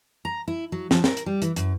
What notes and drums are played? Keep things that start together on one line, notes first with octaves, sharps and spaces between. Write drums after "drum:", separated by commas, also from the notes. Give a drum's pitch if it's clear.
A#5
E4
F#3
F3, drum: snare
A#4, drum: snare
drum: hi-hat
G3
E3, drum: hi-hat
F#2, drum: hi-hat